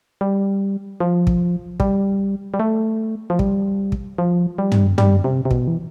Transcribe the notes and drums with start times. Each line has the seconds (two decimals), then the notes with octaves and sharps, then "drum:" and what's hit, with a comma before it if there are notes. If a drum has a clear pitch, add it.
0.21 G3
1.00 F3
1.27 drum: kick
1.80 G3, drum: kick
2.54 G3
2.60 A3
3.30 F3
3.39 G3, drum: kick
3.92 drum: kick
4.18 F3
4.58 G3
4.72 drum: tom
4.98 G3, drum: tom
5.24 C3
5.45 C3
5.51 B2, drum: kick
5.68 E3